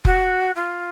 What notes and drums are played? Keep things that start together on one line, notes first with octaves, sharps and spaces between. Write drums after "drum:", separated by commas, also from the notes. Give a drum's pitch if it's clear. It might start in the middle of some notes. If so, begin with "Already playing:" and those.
F#4, drum: kick F1
F4